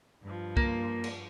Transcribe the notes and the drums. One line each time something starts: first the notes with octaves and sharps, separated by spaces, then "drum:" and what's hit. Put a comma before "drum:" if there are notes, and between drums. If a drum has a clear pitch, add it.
G2 F3
A#3, drum: kick
drum: cymbal